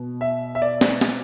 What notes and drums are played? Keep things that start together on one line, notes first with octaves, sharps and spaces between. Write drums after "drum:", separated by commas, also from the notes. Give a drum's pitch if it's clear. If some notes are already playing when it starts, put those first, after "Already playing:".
Already playing: B2
E5
E5
D5
drum: snare
drum: snare